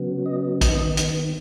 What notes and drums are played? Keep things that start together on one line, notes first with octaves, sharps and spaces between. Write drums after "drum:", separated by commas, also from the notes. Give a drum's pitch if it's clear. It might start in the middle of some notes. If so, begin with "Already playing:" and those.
Already playing: C#3 F#3 B3
D#5
D#3 B3 D#5, drum: kick, hi-hat
drum: hi-hat